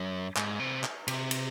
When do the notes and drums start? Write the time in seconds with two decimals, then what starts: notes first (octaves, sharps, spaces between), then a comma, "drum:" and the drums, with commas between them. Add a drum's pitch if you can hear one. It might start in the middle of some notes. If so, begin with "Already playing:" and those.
Already playing: F#2
0.36 G#2, drum: clap
0.60 C3
0.84 drum: clap
1.08 C3, drum: cymbal
1.31 drum: cymbal